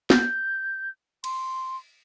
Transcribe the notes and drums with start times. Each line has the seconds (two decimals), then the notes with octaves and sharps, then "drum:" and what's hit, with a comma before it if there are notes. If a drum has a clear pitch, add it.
0.10 G6, drum: snare
1.24 C6, drum: cymbal